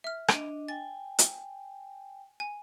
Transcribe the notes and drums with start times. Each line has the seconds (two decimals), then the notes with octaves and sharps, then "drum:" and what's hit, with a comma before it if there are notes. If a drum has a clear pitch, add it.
0.04 E5 F6
0.28 D4 D#5 D7 D#7, drum: rim click
0.68 G5 G#5 A6
1.19 drum: hi-hat
2.40 G#5